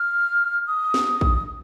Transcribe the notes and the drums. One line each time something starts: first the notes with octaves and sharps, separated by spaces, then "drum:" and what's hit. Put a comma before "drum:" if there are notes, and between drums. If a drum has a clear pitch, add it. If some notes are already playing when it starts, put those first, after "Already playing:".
Already playing: F6
D#6
drum: snare
drum: kick